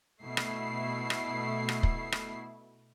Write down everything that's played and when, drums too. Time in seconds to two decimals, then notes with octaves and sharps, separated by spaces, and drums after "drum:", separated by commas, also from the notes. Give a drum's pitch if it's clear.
0.22 B2 A3 E4 C7
0.37 drum: rim click
1.10 drum: rim click
1.69 drum: rim click
1.83 drum: kick
2.12 drum: rim click